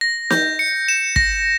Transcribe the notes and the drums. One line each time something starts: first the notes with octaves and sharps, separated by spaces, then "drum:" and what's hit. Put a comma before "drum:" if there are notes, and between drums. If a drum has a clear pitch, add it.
A#6
G6, drum: snare
C#7
E7
A#6, drum: kick